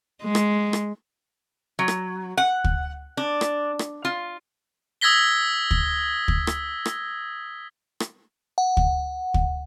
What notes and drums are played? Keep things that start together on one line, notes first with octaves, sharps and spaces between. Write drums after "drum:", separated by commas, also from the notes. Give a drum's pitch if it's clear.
G#3
drum: rim click
drum: rim click
F#3
drum: rim click
F#5
drum: kick
D4
drum: rim click
drum: rim click
F4
D#6 E6 G#6 A#6 B6 G7
drum: kick
drum: kick
drum: rim click
drum: rim click
drum: rim click
F#5
drum: kick
drum: kick